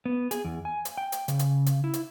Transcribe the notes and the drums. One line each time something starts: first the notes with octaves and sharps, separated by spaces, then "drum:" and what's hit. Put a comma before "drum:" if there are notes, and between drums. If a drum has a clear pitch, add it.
B3
G#4, drum: hi-hat
E2
G#5
drum: hi-hat
G5
drum: hi-hat
C#3, drum: hi-hat
drum: hi-hat
drum: hi-hat
E4
drum: hi-hat